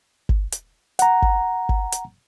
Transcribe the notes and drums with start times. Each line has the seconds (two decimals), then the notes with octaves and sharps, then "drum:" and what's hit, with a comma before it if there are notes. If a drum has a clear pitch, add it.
0.29 drum: kick G1
0.52 drum: hi-hat
0.99 F#5 A#5, drum: hi-hat
1.22 drum: kick G1
1.69 drum: kick G1
1.92 drum: hi-hat